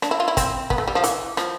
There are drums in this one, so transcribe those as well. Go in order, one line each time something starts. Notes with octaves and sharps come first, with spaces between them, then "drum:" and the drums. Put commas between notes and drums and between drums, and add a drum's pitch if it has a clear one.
D4, drum: rim click
E4
F4
E4
C4, drum: kick, hi-hat
B3, drum: kick
A3
G3
F3
E3, drum: hi-hat
F3, drum: rim click